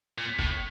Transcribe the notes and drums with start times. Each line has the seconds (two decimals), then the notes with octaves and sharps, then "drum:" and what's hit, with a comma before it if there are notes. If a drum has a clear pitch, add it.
0.18 A#2
0.39 A2, drum: kick